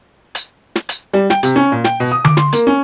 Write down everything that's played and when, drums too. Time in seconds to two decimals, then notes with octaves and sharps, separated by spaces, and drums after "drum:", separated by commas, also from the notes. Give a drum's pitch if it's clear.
0.35 drum: hi-hat
0.75 drum: snare
0.89 drum: hi-hat
1.13 G3
1.30 G5, drum: snare
1.43 C3, drum: hi-hat
1.56 C#4
1.72 A#2
1.84 G5, drum: snare
2.00 B2
2.12 D#6
2.25 D6, drum: tom D3
2.37 C6, drum: snare
2.53 A#3, drum: hi-hat
2.67 C#4